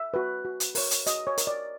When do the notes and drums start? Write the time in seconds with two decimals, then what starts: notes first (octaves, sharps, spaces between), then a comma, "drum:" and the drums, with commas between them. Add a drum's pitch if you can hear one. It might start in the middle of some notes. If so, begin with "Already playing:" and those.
Already playing: E5
0.14 F#4 B4
0.45 F#4
0.60 drum: hi-hat
0.75 A#4 C#5, drum: open hi-hat
0.91 drum: hi-hat
1.07 F#4 D#5, drum: hi-hat
1.27 C#5
1.38 A#4 C#5, drum: hi-hat
1.47 D5